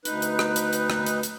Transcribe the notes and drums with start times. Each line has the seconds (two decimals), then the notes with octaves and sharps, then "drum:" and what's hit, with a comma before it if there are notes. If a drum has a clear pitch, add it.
0.05 D2 D#4 B4, drum: hi-hat
0.22 drum: hi-hat
0.39 drum: rim click
0.56 drum: hi-hat
0.73 drum: hi-hat
0.90 drum: rim click
1.06 drum: hi-hat
1.23 drum: hi-hat